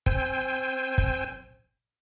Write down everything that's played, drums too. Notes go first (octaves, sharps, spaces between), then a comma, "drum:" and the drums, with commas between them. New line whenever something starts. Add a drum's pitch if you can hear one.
C4 C5 G5 G#5, drum: kick
drum: kick